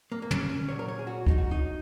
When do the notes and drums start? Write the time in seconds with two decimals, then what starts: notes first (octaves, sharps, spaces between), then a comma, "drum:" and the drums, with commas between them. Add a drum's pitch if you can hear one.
0.12 A#3
0.22 A#3
0.31 C#4, drum: tom
0.49 C#4
0.69 A#2 F#3 C#5
0.79 A#4
0.88 C#5
0.99 G#4
1.07 F#4
1.27 D#4, drum: kick
1.38 F#4
1.51 D#4